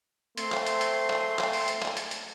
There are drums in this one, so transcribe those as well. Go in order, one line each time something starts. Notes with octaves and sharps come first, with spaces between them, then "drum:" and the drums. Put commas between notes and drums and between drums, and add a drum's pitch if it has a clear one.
A3 C4 C6, drum: hi-hat
drum: clap
drum: hi-hat
drum: hi-hat
drum: clap
drum: clap
drum: open hi-hat
drum: hi-hat
drum: clap
drum: hi-hat
drum: hi-hat